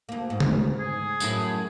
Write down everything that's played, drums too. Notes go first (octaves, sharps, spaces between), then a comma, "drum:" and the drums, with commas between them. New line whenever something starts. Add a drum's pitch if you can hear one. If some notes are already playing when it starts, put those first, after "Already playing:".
D2 A#3
G#2
drum: tom
G#4
F#2 A2 E4, drum: tambourine